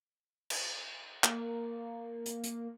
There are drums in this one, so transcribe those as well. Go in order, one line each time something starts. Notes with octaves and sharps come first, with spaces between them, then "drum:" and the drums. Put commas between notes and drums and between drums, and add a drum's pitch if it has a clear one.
drum: cymbal
A#3, drum: clap
drum: hi-hat
drum: hi-hat